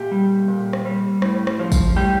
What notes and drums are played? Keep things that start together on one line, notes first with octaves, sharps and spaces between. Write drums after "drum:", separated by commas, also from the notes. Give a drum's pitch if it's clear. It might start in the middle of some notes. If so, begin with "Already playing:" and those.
Already playing: A#2 G4
G3
A#2
drum: rim click
G3
A2, drum: rim click
drum: rim click
F3
drum: kick, tambourine
A2 G3 G4